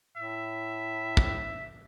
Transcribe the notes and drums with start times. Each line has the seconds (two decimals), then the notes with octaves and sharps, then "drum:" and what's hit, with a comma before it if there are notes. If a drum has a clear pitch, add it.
0.17 A2 E5
1.17 drum: kick